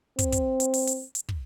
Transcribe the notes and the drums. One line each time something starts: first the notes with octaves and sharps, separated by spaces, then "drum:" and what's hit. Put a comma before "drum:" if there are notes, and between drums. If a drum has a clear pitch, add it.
C4, drum: kick, hi-hat
drum: kick, hi-hat
drum: hi-hat
drum: open hi-hat
drum: hi-hat
drum: hi-hat
drum: kick